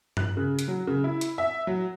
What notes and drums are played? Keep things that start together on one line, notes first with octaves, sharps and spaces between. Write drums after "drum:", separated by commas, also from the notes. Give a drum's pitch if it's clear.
F#6, drum: tom G2
C#3
drum: hi-hat
F#3
C#3
E4
drum: hi-hat
E5
F#3